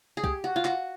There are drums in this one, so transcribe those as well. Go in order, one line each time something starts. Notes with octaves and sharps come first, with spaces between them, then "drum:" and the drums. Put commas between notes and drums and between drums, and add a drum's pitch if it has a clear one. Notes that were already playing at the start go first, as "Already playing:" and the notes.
G#4
G4, drum: kick C2
F#4
F4
F#4, drum: clap